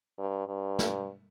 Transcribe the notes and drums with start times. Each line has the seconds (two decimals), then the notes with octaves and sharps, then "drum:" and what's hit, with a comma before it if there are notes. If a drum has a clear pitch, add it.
0.18 G2
0.48 G2
0.79 drum: snare